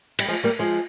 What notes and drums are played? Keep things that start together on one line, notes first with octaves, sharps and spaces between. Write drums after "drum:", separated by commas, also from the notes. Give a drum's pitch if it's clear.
G3, drum: cymbal
F3 G#3
G3 A#3
F3 G#3